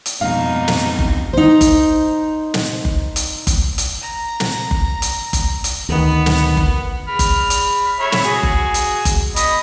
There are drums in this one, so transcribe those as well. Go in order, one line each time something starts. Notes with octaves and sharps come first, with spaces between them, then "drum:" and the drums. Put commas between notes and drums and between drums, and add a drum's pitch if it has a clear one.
drum: hi-hat
F2 G#2 B2 D4 D#4 F5
drum: snare
drum: kick F#1
D#4 C5
drum: kick F#1, hi-hat
drum: snare
drum: kick F#1
drum: hi-hat
drum: kick F#1, hi-hat
drum: hi-hat
A#5
drum: snare
drum: kick F#1
drum: hi-hat
drum: kick F#1, hi-hat
drum: hi-hat
D2 D#3 B3
drum: snare
drum: kick F#1
B5 F6
drum: kick F#1, hi-hat
drum: hi-hat
C#5 E5 B5
drum: snare
F#4 G#4
drum: kick F#1
drum: hi-hat
drum: kick F#1, hi-hat
D#5 B5, drum: hi-hat